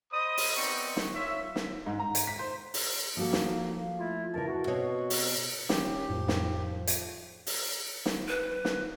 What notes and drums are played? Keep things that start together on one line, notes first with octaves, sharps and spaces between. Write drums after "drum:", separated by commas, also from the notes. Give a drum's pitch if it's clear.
C5 D#5 B5 D#6
drum: open hi-hat
B3 C4 D#4 D5 C#6
drum: snare
F4 C#5 E5
drum: snare
G#2
A#5
drum: hi-hat
B6
C5
drum: open hi-hat
F3 A#3 F#4 A4
drum: snare
A3 E4 F4
E2 C#3 E4 A#4 A5
F#4
B2 C4 C#5
drum: open hi-hat
E3 G#3 C#4 G4, drum: snare
F2 A2 F3 D4
drum: snare
drum: hi-hat
drum: open hi-hat
drum: snare
B4
drum: snare